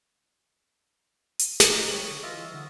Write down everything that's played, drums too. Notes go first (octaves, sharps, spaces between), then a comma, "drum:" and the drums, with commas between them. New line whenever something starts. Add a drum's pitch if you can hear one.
drum: hi-hat
drum: snare
D#5 A#5
G3 C#5
D3
E3 F4 D#5 E5
D3 F#4